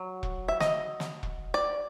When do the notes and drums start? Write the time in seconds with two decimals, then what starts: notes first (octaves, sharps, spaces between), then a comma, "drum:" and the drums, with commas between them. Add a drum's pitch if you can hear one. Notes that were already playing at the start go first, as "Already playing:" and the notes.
Already playing: F#3
0.23 drum: kick E1
0.48 E5
0.60 D#5, drum: snare
1.00 drum: snare
1.23 drum: kick E1
1.54 D5